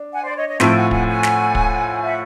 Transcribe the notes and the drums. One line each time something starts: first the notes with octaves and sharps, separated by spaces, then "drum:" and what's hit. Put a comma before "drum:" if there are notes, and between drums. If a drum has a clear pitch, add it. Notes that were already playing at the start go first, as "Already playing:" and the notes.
Already playing: D4
F#5 G#5
C5 D5
C#5 D#5
C#5 D#5
A2 F3 A3 C4 G5 A5, drum: snare
F#5 G#5
F#5 G#5, drum: kick
F#5 G#5
drum: snare
drum: kick
E5 F#5